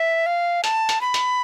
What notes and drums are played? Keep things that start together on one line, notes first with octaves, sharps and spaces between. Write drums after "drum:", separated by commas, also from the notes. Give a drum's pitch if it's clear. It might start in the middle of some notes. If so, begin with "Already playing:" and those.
Already playing: E5
F5
A5, drum: hi-hat
drum: hi-hat
B5
drum: hi-hat